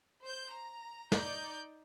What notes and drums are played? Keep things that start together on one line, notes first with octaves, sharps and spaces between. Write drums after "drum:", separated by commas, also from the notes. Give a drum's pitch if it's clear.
C5 G6
A#5
D#4 D5 G6, drum: snare